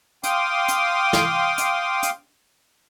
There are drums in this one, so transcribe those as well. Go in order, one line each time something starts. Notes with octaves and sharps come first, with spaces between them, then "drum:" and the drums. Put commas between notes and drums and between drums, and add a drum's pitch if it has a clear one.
F5 G5 C6 D6 D#6, drum: hi-hat
drum: hi-hat
drum: snare
drum: hi-hat
drum: hi-hat